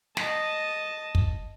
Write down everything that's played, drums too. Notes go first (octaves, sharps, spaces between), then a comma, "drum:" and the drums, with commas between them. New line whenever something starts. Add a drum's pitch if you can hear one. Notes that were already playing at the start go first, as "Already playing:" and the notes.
D#5 A5, drum: snare
drum: kick